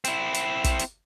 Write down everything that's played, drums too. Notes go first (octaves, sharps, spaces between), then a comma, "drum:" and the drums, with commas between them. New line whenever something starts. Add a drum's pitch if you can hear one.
C4 E4, drum: hi-hat
drum: hi-hat
drum: kick, hi-hat
drum: hi-hat